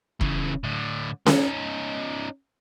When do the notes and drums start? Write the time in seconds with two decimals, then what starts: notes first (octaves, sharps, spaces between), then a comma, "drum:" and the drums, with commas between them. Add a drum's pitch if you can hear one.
0.21 C#3 E3, drum: kick E1
0.64 A2 D3
1.26 C#4 D#4, drum: snare C#4